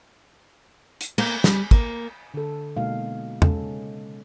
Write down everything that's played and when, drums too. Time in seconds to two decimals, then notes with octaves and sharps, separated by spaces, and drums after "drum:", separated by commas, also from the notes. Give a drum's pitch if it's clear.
1.01 drum: hi-hat
1.18 A#3, drum: cymbal
1.44 G3, drum: snare
1.71 A#3, drum: kick
2.34 D3 A4
2.77 B2 G#3 A#3 D#4 F5
3.42 C#3 G#3 C#4 A4, drum: tom E2